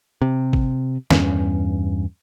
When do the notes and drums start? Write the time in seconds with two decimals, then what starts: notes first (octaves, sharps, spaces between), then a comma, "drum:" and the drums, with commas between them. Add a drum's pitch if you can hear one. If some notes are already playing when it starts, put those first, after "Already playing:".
0.22 C3
0.53 drum: kick G#1
1.11 E2 G2 C#4, drum: snare